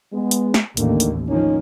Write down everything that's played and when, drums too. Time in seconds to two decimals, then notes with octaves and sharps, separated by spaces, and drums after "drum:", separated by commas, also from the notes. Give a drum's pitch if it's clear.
0.13 G#3 B3
0.31 drum: hi-hat
0.54 drum: snare
0.77 A1 D#2 D3 D#3 A#3, drum: hi-hat
1.00 drum: hi-hat
1.28 F3 A#3 C#4 D#4